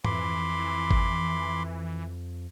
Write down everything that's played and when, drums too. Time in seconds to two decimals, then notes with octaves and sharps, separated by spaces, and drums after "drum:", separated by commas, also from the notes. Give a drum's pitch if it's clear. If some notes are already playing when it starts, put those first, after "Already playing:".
0.05 F2 E3 B5 C6 D6, drum: tom G#2
0.91 drum: kick G#1